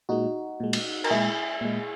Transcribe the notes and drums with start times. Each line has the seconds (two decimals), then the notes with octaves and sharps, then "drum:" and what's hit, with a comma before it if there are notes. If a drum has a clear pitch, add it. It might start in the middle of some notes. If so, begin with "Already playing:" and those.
0.09 A#2 G#3 D#4 F#4
0.60 A#2 G#3
0.73 drum: cymbal
1.04 A#4, drum: cymbal
1.10 A#2 G#3 E4 G#4
1.61 A#2 G#3